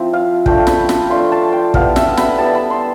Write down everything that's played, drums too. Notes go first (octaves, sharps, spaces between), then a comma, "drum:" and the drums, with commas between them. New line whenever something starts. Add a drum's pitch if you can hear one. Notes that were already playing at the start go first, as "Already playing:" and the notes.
Already playing: F3 C4 E4 G5
F5
F3 A3 D4 F4 G5, drum: kick
B5, drum: snare
B5, drum: snare
F3 A3 D4 F4 C6
A5
G5
G3 B3 E4 F5, drum: kick
E5, drum: snare
B5, drum: snare
G3 B3 E4 A5
B5
C6